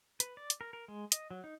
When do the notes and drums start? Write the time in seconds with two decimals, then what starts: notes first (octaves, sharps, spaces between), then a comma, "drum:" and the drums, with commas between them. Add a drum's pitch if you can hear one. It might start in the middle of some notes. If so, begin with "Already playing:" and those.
0.20 B4, drum: hi-hat
0.37 D5
0.50 drum: hi-hat
0.61 A#4
0.73 A#4
0.88 G#3
1.12 D#5, drum: hi-hat
1.31 F#3
1.44 D#4